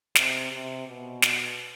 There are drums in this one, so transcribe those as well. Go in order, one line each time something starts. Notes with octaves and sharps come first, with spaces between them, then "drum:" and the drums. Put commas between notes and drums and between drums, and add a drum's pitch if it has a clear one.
C3, drum: snare
C3
B2
drum: snare